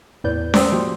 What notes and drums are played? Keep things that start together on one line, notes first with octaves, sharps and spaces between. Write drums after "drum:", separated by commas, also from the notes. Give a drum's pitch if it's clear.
E2 A2 B4 D5 G6
C5 D5 G5 C6 D#6 E6, drum: snare C#4
F3 G#3 A#3 F#4 G4